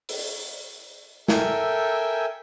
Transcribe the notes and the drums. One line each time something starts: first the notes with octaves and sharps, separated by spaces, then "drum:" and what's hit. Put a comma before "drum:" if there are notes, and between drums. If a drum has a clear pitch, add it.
drum: open hi-hat
A4 A#4 E5 G5 G#5, drum: snare